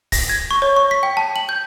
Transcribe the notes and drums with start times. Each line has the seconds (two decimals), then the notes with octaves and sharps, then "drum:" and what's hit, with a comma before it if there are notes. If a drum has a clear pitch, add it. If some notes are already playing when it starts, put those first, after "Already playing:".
0.12 A#6, drum: kick, open hi-hat
0.29 G#6
0.51 C#6
0.62 C#5
0.76 C#6
0.91 B6
1.03 G5
1.17 A5
1.36 F#7
1.49 G6